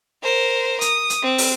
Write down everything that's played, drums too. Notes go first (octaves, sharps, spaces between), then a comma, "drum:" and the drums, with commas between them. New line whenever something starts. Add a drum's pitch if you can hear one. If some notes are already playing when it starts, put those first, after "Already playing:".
A#4 C5
D#6, drum: hi-hat
drum: hi-hat
C4
drum: open hi-hat